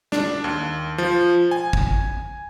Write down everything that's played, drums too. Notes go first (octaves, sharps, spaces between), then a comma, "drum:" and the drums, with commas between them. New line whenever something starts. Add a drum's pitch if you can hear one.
D4, drum: snare
D#2
F3
G#5
drum: kick